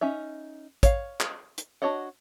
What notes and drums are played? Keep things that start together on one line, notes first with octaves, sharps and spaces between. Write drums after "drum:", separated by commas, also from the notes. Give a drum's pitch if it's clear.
C#4 D#4 E5
C#5 F5, drum: kick, hi-hat
drum: clap
drum: hi-hat
D4 F#4 C#5 D#5 F#5